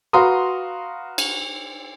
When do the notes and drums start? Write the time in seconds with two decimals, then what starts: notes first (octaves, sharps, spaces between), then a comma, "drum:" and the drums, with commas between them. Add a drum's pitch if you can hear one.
0.13 F#4 B4 F5 A#5 C6 D#6
1.18 drum: cymbal